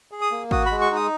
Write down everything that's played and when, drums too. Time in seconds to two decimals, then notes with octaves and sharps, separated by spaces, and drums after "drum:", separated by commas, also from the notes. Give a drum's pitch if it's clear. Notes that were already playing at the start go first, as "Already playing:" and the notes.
0.12 G#4
0.22 D#6
0.32 A#3
0.51 F#4 D#6, drum: kick G#1
0.66 B5
0.71 G#3
0.81 C#6
0.91 D#4 D#6